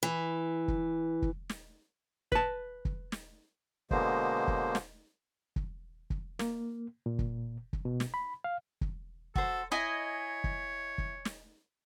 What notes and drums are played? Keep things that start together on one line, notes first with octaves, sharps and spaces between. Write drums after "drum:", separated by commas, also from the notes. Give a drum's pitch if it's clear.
E3
drum: kick
drum: kick
drum: snare
B4 A5, drum: kick
drum: kick
drum: snare
B2 D3 G#3 A#3 C5, drum: kick
drum: kick
drum: snare
drum: kick
drum: kick
A#3, drum: snare
A#2
drum: kick
drum: kick
B2
drum: snare
B5
F5
drum: kick
F#4 A4 C5, drum: kick
E4 C#5 D#5 G#5
drum: kick
drum: kick
drum: snare